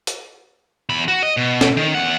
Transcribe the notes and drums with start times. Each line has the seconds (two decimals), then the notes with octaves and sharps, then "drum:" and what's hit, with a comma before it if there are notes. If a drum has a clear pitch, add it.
0.07 drum: hi-hat
0.89 E2 B5
1.08 F#4
1.23 D#5
1.37 B2
1.61 drum: snare
1.77 D#3
1.95 E2 F#5